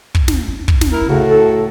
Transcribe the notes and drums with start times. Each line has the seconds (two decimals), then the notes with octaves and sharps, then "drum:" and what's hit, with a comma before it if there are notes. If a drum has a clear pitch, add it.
0.15 drum: kick
0.28 drum: snare
0.68 drum: kick
0.81 drum: snare
0.92 E4 A#4
1.08 A2 C#3 F#4
1.28 A4